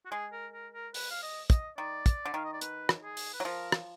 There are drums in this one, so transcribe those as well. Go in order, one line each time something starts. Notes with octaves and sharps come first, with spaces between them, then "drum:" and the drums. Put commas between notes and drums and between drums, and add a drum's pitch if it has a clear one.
F#4
G#3 G#4
A#4
A#4
A#4
B4, drum: open hi-hat
F5
D#5
D#5, drum: kick, hi-hat
D#3 D5
drum: kick, hi-hat
D3
D#3 F5
D#5
D5
B4, drum: hi-hat
drum: rim click
G#4
drum: open hi-hat
B4
F#3
F3 A#4
drum: rim click